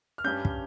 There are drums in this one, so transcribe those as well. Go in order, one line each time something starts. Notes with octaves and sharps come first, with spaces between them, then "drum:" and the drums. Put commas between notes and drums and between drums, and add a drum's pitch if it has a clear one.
F6
G2 G3 C#4 G6
drum: kick